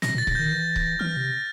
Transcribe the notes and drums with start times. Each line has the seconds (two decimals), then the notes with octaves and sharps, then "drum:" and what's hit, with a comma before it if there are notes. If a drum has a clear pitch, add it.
0.02 A#2 A#6, drum: snare
0.15 A#2
0.18 A6
0.27 A#2, drum: kick C#1
0.35 D#3 G6
0.52 E3
0.76 drum: kick C#1
0.99 E3 F6
1.17 C3